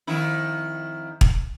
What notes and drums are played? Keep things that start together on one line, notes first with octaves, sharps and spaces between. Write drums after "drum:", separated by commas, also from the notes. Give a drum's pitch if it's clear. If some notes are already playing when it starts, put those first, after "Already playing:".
F2 D#3 E4
drum: kick